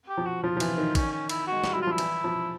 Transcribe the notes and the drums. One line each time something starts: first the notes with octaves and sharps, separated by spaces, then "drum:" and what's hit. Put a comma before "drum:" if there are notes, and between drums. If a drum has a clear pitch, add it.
G4
F3
F#4
F3 F4
F3
E3, drum: cymbal
D#3
C#4, drum: kick, cymbal
C#4
E4, drum: cymbal
G#3 F#4
G3, drum: snare
F#3 E4
F4
F3 E4
E3, drum: cymbal
F3